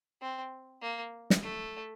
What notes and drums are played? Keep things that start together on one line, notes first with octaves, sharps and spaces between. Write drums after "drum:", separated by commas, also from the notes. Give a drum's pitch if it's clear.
C4
A#3
drum: snare
A3